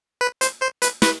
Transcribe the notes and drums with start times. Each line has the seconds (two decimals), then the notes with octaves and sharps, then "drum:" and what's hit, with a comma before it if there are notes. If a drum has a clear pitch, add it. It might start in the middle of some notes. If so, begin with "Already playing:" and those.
0.21 B4
0.41 C5, drum: hi-hat
0.61 C5
0.82 B4, drum: hi-hat
1.02 B4, drum: snare